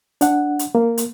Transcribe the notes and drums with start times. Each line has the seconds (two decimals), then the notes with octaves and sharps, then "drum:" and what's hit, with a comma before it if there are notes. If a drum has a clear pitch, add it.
0.21 D4 F#5, drum: hi-hat
0.59 drum: hi-hat
0.75 A#3
0.98 drum: hi-hat